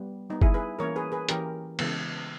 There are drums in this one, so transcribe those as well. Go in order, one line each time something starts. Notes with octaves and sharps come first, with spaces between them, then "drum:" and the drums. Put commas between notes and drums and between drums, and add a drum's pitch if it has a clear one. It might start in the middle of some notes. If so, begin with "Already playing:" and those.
Already playing: G3 B3
G3 B3 D#4
E4 G#4, drum: kick
G#4 B4
E3 A#3 C#4 A#4 C#5
G#4 B4
G#4 B4
E3 A#3 C#4 G4 A#4, drum: hi-hat
C#3 E3 G#3 B3, drum: cymbal